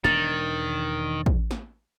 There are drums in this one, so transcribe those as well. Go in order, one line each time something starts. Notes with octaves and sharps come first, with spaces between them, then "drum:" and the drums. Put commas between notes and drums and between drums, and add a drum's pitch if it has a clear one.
E1 D#3 D4 A6, drum: snare
drum: kick
drum: snare